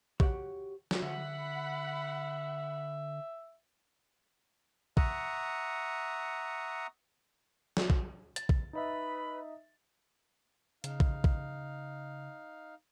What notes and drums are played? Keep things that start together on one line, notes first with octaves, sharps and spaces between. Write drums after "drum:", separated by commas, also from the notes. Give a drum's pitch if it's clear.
F#4 G4 C#5 D5 F#5 G5, drum: kick A#1
drum: snare
D3 E5 F#5 B5
E5 F#5 A#5 C#6 D#6, drum: kick A#1
drum: snare
drum: kick A#1
A6, drum: hi-hat
drum: kick A#1
D#4 B4 D#5 E5 B5
C#3 D#4 F5, drum: hi-hat
drum: kick A#1
drum: kick A#1